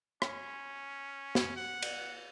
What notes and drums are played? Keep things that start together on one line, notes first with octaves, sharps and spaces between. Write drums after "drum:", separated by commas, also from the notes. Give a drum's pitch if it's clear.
C#4, drum: rim click
drum: snare
F#5
drum: cymbal